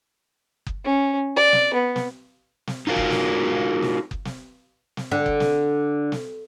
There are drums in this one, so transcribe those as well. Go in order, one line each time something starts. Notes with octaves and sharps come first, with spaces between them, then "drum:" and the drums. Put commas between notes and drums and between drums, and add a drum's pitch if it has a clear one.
drum: kick F#1
C#4
D5
drum: snare
B3
drum: snare
drum: snare
D#4 F4 F#4 A#4 F5
drum: kick F#1
drum: snare
drum: snare
drum: kick F#1
drum: snare
drum: snare
D3
drum: kick F#1
drum: snare
drum: snare